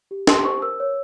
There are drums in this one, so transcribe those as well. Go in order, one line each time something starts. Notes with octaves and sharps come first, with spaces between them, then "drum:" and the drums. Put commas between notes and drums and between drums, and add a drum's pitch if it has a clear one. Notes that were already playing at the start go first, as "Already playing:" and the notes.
G4
G4 C6, drum: snare
C5 C#6
A#4 E6
C#5